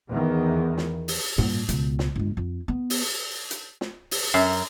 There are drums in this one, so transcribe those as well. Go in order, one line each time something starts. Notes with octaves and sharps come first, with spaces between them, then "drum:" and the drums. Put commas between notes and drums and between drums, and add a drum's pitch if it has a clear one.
E2 D#3
drum: snare
drum: open hi-hat
G2 A#2, drum: tom A2
C#2 B2, drum: hi-hat
drum: snare
G1 G#3
F2
B3
drum: open hi-hat
drum: hi-hat
drum: snare
drum: open hi-hat
F#2